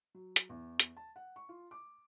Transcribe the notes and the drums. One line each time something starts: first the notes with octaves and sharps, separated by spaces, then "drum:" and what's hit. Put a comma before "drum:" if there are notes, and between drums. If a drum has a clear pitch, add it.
F#3
drum: hi-hat
E2
drum: hi-hat
A5
F#5
C#6
F4
D6